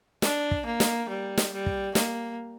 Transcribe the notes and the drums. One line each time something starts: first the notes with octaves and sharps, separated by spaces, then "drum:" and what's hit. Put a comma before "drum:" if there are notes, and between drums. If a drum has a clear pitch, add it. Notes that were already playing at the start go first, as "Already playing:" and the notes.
D4, drum: snare
drum: kick
A#3
drum: snare
G3
drum: snare
G3
drum: kick
A#3, drum: snare